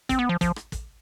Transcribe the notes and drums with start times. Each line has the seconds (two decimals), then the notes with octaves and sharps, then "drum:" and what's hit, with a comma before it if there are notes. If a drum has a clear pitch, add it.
0.09 C4, drum: kick, hi-hat
0.19 B3
0.29 F3
0.41 F3, drum: kick, hi-hat
0.56 drum: rim click
0.72 drum: kick, hi-hat